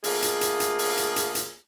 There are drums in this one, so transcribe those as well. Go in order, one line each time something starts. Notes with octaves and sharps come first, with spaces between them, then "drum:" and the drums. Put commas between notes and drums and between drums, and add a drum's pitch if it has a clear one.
D2 A#3 F4 G#4, drum: open hi-hat
drum: hi-hat
drum: hi-hat
drum: hi-hat
drum: open hi-hat
drum: hi-hat
drum: hi-hat
drum: hi-hat